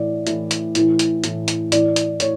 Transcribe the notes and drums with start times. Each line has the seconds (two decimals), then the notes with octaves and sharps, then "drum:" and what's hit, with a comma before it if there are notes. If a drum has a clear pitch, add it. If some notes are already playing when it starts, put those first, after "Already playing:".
Already playing: A2 E3 D5
0.27 A2 E3, drum: hi-hat
0.51 drum: hi-hat
0.75 A2 E3, drum: hi-hat
0.99 drum: hi-hat
1.24 A2 E3, drum: hi-hat
1.48 drum: hi-hat
1.72 A2 E3 D5, drum: hi-hat
1.96 drum: hi-hat
2.20 A2 C#5, drum: hi-hat